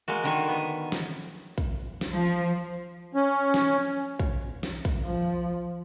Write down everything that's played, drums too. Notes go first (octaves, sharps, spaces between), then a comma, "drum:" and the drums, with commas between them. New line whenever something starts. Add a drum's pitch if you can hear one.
G#3 A#3 F#4
D3 D#3 G#5
B3
drum: snare
drum: kick
drum: snare
F3
C#4
drum: snare
drum: kick
drum: snare
drum: kick
F3